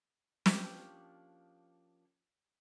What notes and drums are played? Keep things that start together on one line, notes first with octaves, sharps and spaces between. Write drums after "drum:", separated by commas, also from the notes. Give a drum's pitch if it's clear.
F3 A#3 C#4 D4 G4, drum: snare